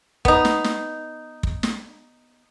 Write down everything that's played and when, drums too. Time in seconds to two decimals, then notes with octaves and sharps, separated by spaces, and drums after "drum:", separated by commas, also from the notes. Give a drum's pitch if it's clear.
0.25 B3 D#4, drum: kick
0.45 drum: snare
0.64 drum: snare
1.43 drum: kick
1.63 drum: snare